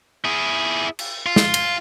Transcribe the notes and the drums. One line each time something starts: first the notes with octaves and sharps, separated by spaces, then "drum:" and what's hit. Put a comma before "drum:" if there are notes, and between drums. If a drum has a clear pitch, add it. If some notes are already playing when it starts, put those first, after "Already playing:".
E4 G#4
drum: cymbal
F4
drum: snare
drum: cymbal